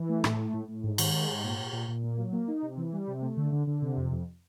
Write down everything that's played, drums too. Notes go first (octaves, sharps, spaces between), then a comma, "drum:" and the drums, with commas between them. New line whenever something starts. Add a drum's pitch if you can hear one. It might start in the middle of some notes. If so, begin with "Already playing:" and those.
Already playing: E3
A3
A2, drum: rim click
A3
A2
A2
G#2
D#3, drum: cymbal
G#3
G#2
A#2
A#2
A#2
A#2
A#3
F#3
A#3
D#4
C3
E3
G3
C3
A3
D3
D3
D3
C3
F2
F2